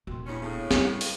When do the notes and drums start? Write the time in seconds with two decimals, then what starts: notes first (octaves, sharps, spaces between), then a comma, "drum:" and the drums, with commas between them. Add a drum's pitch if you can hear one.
0.07 D#1 F#4 G5 C6
0.26 E2 G2 A#3 C#4 D4 E4
0.41 A2 C#3 A#3 B3 E4
0.71 G3, drum: snare
1.01 drum: open hi-hat